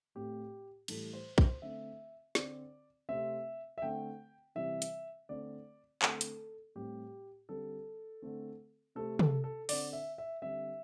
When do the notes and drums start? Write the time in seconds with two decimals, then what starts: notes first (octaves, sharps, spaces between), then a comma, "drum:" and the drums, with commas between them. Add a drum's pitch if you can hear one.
0.15 A2 A3 C4 G4
0.88 A2 E3 G3 A4, drum: cymbal
1.13 C5
1.38 C5, drum: kick
1.62 D3 A3 C4 E5
2.35 D3 C4 D5, drum: snare
3.09 C3 A3 C4 E5
3.78 E5
3.82 D3 A3 C4 G5
4.55 C3 E3 G3 C4 E5
4.82 drum: hi-hat
5.29 D3 A3 C4 D5
6.02 D3 A3 C4 A4, drum: clap
6.21 drum: hi-hat
6.75 A2 G3 C4 G4
7.49 D3 G3 C4 A4
8.22 D3 A3 C4
8.95 C3 A3 C4 A4
9.19 A4, drum: tom
9.44 A4
9.69 D3 C4 D5, drum: open hi-hat
9.93 E5
10.18 E5
10.42 D3 G3 C4 E5